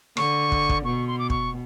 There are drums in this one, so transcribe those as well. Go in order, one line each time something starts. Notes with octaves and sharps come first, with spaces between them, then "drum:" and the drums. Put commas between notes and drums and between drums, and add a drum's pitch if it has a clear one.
D3 C#6, drum: rim click
drum: kick
drum: kick
B2 C#6
C6
D6
C#6, drum: kick